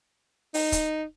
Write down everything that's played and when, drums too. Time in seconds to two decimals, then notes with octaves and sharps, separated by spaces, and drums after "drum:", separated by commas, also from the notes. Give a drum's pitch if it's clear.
0.54 D#4, drum: open hi-hat
0.72 drum: kick, hi-hat